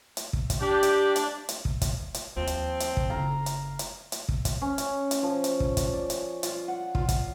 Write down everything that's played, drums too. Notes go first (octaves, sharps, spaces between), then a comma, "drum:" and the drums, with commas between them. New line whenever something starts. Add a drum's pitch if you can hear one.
drum: hi-hat
drum: kick
drum: kick, hi-hat
D4 G4
drum: hi-hat
drum: hi-hat
drum: hi-hat
drum: kick
drum: kick, hi-hat
drum: hi-hat
D#2 F3 C4
drum: hi-hat
drum: hi-hat
drum: kick
F#1 F5 A#5
drum: hi-hat
drum: hi-hat
drum: hi-hat
drum: kick
drum: kick, hi-hat
C#4
drum: hi-hat
drum: hi-hat
F3
drum: hi-hat
drum: kick
drum: kick, hi-hat
D5
drum: hi-hat
F4, drum: hi-hat
F#5
F4, drum: kick
drum: kick, hi-hat